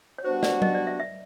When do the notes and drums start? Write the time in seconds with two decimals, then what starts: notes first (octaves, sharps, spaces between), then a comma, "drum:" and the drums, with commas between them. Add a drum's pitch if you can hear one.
0.18 C#5
0.25 G3 B3 D4 F#4 C5
0.43 D5, drum: snare
0.62 D#5, drum: tom F#3
0.75 D5
0.87 E5
1.00 E5